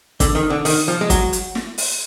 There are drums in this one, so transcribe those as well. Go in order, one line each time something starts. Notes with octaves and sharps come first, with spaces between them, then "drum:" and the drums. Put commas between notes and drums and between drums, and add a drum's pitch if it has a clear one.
D3, drum: kick, hi-hat
D#3
D3
D#3, drum: open hi-hat
F3
G#3
F#3, drum: kick, hi-hat
drum: hi-hat
drum: snare
drum: open hi-hat